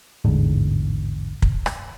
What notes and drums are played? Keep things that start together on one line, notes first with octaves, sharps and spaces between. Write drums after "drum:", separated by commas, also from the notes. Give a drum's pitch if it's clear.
A1 E2 G#2 D3
drum: kick
drum: rim click